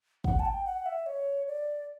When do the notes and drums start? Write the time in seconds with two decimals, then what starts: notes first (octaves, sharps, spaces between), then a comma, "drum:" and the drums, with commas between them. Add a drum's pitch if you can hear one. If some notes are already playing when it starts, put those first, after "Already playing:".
0.24 F#5, drum: kick
0.39 A5
0.45 G5
0.65 F#5
0.86 E5
1.06 C#5
1.47 D5